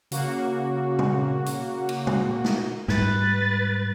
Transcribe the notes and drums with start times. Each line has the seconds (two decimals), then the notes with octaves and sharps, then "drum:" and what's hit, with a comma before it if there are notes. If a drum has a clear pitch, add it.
0.11 C#3 A#3 F#4, drum: hi-hat
0.99 drum: tom
1.46 drum: hi-hat
1.89 drum: cymbal
2.07 drum: tom
2.44 drum: snare
2.88 G#2 G3 B4 A6, drum: snare